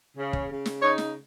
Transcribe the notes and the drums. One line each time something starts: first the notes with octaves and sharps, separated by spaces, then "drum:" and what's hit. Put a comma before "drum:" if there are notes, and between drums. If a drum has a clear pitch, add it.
C#3
drum: kick
C#3
drum: snare
D#4 C#5
drum: snare